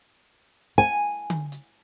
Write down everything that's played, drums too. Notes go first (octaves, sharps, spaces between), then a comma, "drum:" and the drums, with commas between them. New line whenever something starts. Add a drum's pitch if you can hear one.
G#5, drum: kick
drum: tom D3
drum: hi-hat